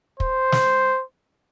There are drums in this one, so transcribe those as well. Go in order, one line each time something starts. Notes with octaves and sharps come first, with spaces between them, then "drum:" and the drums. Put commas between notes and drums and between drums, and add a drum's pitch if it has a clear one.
C5, drum: kick
drum: snare